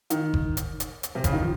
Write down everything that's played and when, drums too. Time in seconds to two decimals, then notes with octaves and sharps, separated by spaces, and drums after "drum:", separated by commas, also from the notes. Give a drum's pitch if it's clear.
0.10 D#3, drum: hi-hat
0.34 drum: kick F#1
0.57 drum: hi-hat
0.80 drum: hi-hat
1.03 drum: hi-hat
1.15 C3
1.24 C#3, drum: kick F#1, hi-hat
1.33 D#3
1.41 F3